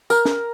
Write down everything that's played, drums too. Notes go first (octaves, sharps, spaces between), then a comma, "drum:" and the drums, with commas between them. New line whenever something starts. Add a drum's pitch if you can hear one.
A#4, drum: tambourine
drum: snare